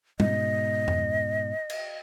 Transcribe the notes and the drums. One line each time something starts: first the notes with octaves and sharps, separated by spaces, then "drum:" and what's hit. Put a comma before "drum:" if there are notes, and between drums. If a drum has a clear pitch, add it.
G#2 B2 D#5, drum: tom
drum: tom F2
drum: cymbal